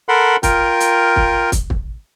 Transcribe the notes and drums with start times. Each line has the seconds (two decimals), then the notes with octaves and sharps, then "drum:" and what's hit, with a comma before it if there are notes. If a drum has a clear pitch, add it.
0.09 A4 A#4 F#5 B5 C6
0.43 F4 A#4 G5, drum: kick, hi-hat
0.80 drum: hi-hat
1.16 drum: kick
1.52 drum: kick, hi-hat
1.70 drum: kick